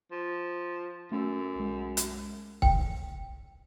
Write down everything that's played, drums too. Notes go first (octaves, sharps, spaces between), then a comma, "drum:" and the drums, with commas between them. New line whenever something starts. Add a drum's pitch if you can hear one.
F3
F#2 A3 C#4 E6
B1 G#3
drum: hi-hat
G5, drum: kick C#1